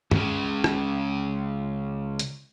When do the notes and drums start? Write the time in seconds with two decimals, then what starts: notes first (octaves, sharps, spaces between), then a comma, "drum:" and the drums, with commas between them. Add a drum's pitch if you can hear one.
0.11 C#2 C#3, drum: tom G2
0.64 drum: rim click
2.19 drum: hi-hat